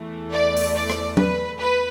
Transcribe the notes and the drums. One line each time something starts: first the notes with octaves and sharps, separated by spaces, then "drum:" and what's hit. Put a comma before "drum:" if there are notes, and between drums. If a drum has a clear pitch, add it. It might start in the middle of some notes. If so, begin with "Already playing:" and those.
Already playing: E2 E3 A3
D5
drum: open hi-hat
D5
drum: rim click
B4, drum: tom F#3
E2 B4